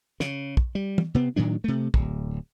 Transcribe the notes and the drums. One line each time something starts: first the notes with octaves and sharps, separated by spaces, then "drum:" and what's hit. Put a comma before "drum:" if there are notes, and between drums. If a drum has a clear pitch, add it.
C#3, drum: snare
drum: kick
G3
drum: tom
C3 B3 C4
A2 D#3 F#3 D4
C3 A3
D1, drum: kick